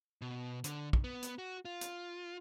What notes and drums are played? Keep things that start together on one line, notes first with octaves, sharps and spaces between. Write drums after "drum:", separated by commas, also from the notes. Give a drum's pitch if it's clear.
B2
D3, drum: hi-hat
drum: kick
B3
drum: hi-hat
F#4
F4
drum: hi-hat